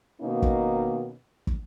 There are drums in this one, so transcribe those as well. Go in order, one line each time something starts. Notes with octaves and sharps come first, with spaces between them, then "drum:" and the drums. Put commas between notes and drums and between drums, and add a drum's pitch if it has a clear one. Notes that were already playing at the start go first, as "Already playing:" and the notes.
B2 D#3 A#3 C#4 D#4
drum: kick
drum: kick